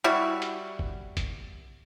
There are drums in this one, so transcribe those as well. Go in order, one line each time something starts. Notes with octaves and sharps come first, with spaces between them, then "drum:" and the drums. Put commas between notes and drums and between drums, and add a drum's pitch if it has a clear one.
G3 E4 F#4
drum: hi-hat
drum: kick G1
drum: kick G1, hi-hat